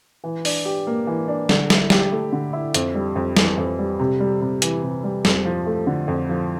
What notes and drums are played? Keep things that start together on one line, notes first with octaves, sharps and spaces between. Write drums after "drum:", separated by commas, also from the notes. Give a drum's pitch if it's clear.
E3
D4, drum: open hi-hat
G4
A#3
E3
D4
D3, drum: snare
E4, drum: snare
G4, drum: snare
A3
D3
E4
F2, drum: hi-hat
G3
F2
E3, drum: snare
F2
G3
C3
G3
C3
E3, drum: hi-hat
C3
G3
F2, drum: snare
F3
A3
D3
F2
F3